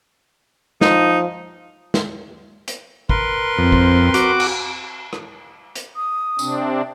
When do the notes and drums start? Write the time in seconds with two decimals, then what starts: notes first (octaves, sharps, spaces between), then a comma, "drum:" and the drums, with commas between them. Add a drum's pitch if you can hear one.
0.81 F3 D#4, drum: snare
1.94 drum: snare
2.68 drum: hi-hat
3.09 A#4 B4 C6, drum: kick
3.58 F2 C4
3.72 drum: kick
4.14 F#4 D6, drum: hi-hat
4.40 drum: cymbal
5.13 drum: rim click
5.75 drum: hi-hat
5.96 D#6
6.39 C3 C4 D4, drum: tambourine